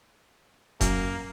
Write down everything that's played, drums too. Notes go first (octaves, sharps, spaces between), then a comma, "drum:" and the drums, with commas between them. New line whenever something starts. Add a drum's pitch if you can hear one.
F#2 A#3, drum: kick F1, hi-hat